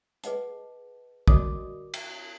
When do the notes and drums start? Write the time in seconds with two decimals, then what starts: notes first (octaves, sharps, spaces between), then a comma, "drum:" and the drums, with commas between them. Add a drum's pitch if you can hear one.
0.24 G#4 B4 D#5 F#5 A5, drum: hi-hat
1.28 F#4 A#4 D5 D#5 D6 D#6, drum: kick
1.94 drum: cymbal